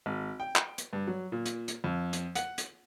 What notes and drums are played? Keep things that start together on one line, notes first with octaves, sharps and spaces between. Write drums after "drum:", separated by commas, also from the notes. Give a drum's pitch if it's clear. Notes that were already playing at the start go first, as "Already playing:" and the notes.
G#1
G5
drum: clap
drum: hi-hat
G2
F#3
A#2
drum: hi-hat
drum: hi-hat
F2
drum: hi-hat
F#5, drum: hi-hat
drum: hi-hat